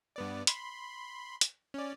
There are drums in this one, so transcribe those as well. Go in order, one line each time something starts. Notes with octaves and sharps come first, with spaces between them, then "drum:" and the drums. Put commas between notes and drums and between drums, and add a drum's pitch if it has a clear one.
G2 B3 D5
B5 C6, drum: hi-hat
drum: hi-hat
C#4 D5